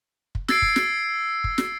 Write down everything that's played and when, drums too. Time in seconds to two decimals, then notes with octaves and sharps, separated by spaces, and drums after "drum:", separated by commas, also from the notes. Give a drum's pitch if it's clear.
0.35 drum: kick
0.48 E6 G#6 A6 C7 D7, drum: snare
0.62 drum: kick
0.76 drum: snare
1.44 drum: kick
1.58 drum: snare